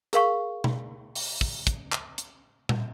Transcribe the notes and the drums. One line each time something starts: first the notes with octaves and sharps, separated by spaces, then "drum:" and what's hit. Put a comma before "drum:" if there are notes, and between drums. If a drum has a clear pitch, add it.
G#4 A#4 F5 C#6, drum: hi-hat
drum: tom B2
drum: open hi-hat
drum: kick
drum: kick, hi-hat
drum: clap
drum: hi-hat
drum: tom A#2